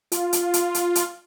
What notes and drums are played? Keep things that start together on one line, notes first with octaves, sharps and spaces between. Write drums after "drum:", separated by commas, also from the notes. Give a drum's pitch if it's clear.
F4, drum: hi-hat
drum: hi-hat
drum: hi-hat
drum: hi-hat
drum: hi-hat